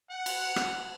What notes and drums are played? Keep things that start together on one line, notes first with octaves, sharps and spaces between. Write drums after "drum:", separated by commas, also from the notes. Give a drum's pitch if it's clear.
F#5
drum: cymbal
drum: rim click